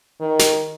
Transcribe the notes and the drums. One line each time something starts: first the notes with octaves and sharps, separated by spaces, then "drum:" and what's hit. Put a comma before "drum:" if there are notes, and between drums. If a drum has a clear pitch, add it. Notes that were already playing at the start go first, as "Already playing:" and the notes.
D#3
drum: snare